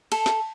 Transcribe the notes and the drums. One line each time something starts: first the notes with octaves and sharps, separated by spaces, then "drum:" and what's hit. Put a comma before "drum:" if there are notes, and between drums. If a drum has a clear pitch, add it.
A4, drum: cymbal
drum: snare